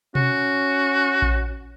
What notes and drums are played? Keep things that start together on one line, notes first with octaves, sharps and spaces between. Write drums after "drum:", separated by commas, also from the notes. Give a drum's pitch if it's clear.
C#4 F#4, drum: tom B2
drum: kick A#1